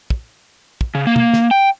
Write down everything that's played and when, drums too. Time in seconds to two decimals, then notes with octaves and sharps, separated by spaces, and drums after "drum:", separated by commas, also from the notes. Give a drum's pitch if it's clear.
0.10 drum: kick
0.81 drum: kick
0.95 C#3
1.07 A#3
1.16 drum: tom
1.33 drum: snare
1.51 G5